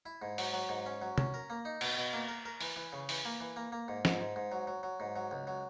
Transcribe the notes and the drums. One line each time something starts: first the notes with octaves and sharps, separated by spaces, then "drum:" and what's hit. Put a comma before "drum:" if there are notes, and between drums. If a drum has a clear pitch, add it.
E4
G#2
F#3, drum: open hi-hat
F#3
G#2
C#4
F#3
C#4, drum: tom C3
A#4
A#3
D#4
B2, drum: cymbal
B2
A#3
A#4
A#4
E3, drum: open hi-hat
E3
C#3
E3, drum: open hi-hat
A#3
E3
A#3
A#3
G#2
G#2, drum: snare
G#2
G#2
F#3
F#3
F#3
G#2
F#3
C#2
F#3